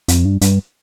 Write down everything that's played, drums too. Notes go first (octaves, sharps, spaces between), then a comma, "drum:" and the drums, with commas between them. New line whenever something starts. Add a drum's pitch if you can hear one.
F2, drum: hi-hat
G2
G2, drum: hi-hat